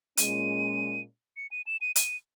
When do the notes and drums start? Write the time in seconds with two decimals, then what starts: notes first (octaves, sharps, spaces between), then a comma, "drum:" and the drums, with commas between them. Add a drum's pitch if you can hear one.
0.17 A#2 G#3 C#4 D#7, drum: hi-hat
1.36 C#7
1.51 D#7
1.66 E7
1.81 D#7
1.96 D#7, drum: hi-hat